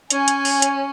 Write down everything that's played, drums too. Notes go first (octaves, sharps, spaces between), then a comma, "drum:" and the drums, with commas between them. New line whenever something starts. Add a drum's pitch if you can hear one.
C#4 G#5, drum: hi-hat
drum: hi-hat
drum: open hi-hat
drum: hi-hat